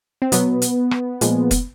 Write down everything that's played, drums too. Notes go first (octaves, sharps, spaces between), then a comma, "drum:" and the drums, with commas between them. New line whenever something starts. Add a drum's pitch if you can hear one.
C4
B2 F#3 B3, drum: hi-hat
drum: hi-hat
drum: rim click
A#2 F3 G#3, drum: hi-hat
drum: kick, hi-hat